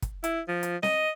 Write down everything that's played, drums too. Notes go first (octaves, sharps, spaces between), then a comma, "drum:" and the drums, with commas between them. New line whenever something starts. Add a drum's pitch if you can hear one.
drum: kick, hi-hat
E4, drum: hi-hat
F3
drum: hi-hat
D#5, drum: snare